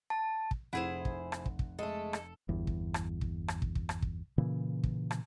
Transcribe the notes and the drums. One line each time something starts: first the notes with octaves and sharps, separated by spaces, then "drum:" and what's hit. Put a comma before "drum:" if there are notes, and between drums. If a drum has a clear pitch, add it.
A5
drum: kick
F1 E4 G#4 C5 F#5
drum: kick
drum: rim click
drum: kick
drum: kick
G#3 A3 A4
drum: rim click
G1 E2
drum: kick
drum: rim click
drum: kick
drum: rim click
drum: kick
drum: kick
drum: rim click
drum: kick
A#2 C#3 E3
drum: kick
drum: rim click